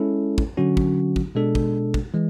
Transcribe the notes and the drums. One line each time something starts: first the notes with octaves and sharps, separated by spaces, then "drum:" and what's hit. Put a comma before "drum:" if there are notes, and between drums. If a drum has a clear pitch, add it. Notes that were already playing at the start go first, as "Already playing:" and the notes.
Already playing: G#3 C#4 E4 A4
drum: kick
D3 F#3 C#4 F#4
drum: kick
drum: kick
B2 G#3 D4 A4
drum: kick
drum: kick
E3 G#3